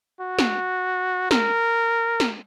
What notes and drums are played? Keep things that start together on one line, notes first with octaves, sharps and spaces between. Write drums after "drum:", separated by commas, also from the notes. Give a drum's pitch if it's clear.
F#4
drum: snare
A#4, drum: snare
drum: snare